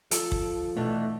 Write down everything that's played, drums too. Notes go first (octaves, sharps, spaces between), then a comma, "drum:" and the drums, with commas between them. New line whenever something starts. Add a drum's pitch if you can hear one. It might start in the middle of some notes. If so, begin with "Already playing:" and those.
F3 A4, drum: hi-hat
drum: kick
B2 E3 A3 D4